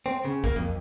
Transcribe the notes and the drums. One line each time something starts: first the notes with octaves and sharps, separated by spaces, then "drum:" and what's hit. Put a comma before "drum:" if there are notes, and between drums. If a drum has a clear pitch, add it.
C4
C#3, drum: tambourine
A#3, drum: kick, tambourine
F2, drum: tambourine